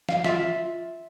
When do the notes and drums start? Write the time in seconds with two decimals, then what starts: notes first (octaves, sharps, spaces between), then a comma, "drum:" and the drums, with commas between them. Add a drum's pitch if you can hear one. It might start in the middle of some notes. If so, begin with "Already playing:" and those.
0.09 F5, drum: snare
0.24 F4 E5, drum: snare